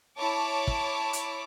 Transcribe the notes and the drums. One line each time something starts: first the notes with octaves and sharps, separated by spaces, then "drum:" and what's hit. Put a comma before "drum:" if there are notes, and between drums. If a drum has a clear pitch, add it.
E4 C#5 A5 D6
drum: kick
drum: hi-hat